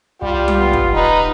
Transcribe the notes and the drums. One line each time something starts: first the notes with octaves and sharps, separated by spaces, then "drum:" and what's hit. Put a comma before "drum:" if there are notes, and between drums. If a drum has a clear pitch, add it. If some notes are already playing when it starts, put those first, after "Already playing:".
C2 G3 F4 G4
drum: tom G3
B3
drum: kick
D#1 D#4 B4